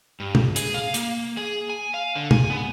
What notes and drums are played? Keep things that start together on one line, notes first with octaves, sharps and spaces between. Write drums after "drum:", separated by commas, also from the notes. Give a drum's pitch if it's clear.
G2
drum: tom
G#4, drum: hi-hat
F5
A#3, drum: hi-hat
G#4
G#5
F5
D3
G#5, drum: tom
B3